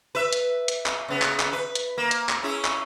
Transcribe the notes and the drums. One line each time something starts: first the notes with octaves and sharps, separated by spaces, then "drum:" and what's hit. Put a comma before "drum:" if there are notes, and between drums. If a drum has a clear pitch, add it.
B4 E5
drum: hi-hat
drum: hi-hat
drum: clap
C#3 B3
drum: clap
drum: clap
B4
drum: hi-hat
A#3
drum: hi-hat
drum: clap
C#4 E4 G#4
drum: clap